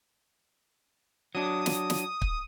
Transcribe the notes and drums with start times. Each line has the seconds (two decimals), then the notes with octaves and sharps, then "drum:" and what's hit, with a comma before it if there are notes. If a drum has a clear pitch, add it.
1.35 F#3 D4 D#6
1.66 drum: snare
1.90 drum: snare
2.22 drum: kick